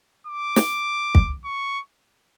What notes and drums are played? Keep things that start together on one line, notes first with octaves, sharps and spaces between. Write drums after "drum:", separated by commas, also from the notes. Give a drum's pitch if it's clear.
D6
drum: snare
drum: kick
C#6